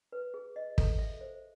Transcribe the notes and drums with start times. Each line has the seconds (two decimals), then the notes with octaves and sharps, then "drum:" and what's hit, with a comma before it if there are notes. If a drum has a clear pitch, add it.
0.12 B4
0.34 G#4
0.56 D#5
0.78 A4, drum: kick
0.99 E5
1.21 C5